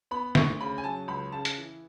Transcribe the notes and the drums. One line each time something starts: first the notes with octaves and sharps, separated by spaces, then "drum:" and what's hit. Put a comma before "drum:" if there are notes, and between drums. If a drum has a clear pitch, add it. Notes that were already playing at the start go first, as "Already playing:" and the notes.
B3 B5
D2 C#6, drum: snare
C#3 B5
G#5
F#3 A5
C#2 B5
C#3 A5
drum: hi-hat
E3